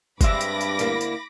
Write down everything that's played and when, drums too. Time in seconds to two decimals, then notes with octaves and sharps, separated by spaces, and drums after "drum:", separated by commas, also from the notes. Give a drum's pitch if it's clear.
0.21 G2 G#3 C4 E5 B5 D6 A#6, drum: kick, tambourine
0.41 drum: tambourine
0.61 drum: tambourine
0.79 D2 A#3 E4, drum: tambourine
1.01 drum: tambourine